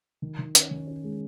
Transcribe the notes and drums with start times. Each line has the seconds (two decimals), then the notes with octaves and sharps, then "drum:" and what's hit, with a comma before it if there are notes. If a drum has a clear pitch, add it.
0.22 D#3
0.39 D#3
0.55 C#4, drum: hi-hat
0.71 D#3
0.88 C#4
1.04 G#3